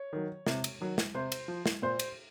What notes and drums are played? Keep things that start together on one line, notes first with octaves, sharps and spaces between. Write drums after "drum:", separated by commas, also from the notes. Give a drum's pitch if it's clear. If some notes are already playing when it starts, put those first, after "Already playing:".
Already playing: C#5
D#3 F#3
C3, drum: snare
drum: cymbal
D#3 F#3
drum: snare
C3 C5
drum: cymbal
F3
drum: snare
A#2 C5
drum: cymbal